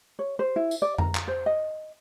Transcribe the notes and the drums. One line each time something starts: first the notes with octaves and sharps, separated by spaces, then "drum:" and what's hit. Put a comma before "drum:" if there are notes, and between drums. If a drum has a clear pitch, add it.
C#5
C5
E4
drum: tambourine
D5
A#5, drum: tom F2
drum: clap
C5
D#5